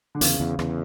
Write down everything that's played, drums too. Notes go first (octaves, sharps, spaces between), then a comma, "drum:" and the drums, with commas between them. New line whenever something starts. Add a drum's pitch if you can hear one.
D3
E2 C#3, drum: hi-hat
E2
E2, drum: rim click